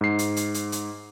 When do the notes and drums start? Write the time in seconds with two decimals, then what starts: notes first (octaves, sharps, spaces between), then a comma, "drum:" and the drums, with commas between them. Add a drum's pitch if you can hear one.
0.01 G#2 C7
0.19 drum: hi-hat
0.36 drum: hi-hat
0.54 drum: hi-hat
0.72 drum: hi-hat